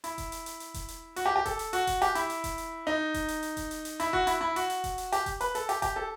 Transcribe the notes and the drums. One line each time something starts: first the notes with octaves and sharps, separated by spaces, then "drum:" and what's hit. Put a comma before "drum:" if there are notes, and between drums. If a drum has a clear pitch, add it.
E4, drum: hi-hat
drum: kick E1, hi-hat
drum: hi-hat
drum: hi-hat
drum: hi-hat
drum: kick E1, hi-hat
drum: hi-hat
F#4, drum: hi-hat
G4
G4
A4, drum: kick E1, hi-hat
drum: hi-hat
F#4, drum: hi-hat
drum: kick E1, hi-hat
G4, drum: hi-hat
E4, drum: hi-hat
drum: hi-hat
drum: kick E1, hi-hat
drum: hi-hat
D#4
drum: kick E1, hi-hat
drum: hi-hat
drum: hi-hat
drum: kick E1, hi-hat
drum: hi-hat
drum: hi-hat
E4, drum: hi-hat
F#4, drum: kick E1
E4, drum: hi-hat
E4
F#4, drum: hi-hat
drum: hi-hat
drum: kick E1, hi-hat
drum: hi-hat
G4, drum: hi-hat
drum: kick E1, hi-hat
B4, drum: hi-hat
A4, drum: hi-hat
G4, drum: hi-hat
G4, drum: kick E1, hi-hat
A4